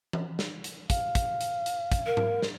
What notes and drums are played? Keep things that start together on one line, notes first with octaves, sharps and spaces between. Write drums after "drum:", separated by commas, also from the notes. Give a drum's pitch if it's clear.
drum: tom E3
drum: snare
drum: hi-hat
F5, drum: kick, hi-hat
drum: kick, hi-hat
drum: hi-hat
drum: hi-hat
drum: kick, hi-hat
A#4
drum: tom G#2
drum: snare